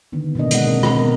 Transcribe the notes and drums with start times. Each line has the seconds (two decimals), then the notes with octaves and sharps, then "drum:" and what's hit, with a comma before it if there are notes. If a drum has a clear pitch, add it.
0.12 D3 D#3 B3
0.35 B2 A#3 C#4 D4 D#5
0.51 G#3 F#5, drum: hi-hat
0.67 C4 A#4
0.83 B2 B3 C4, drum: rim click
0.98 A#4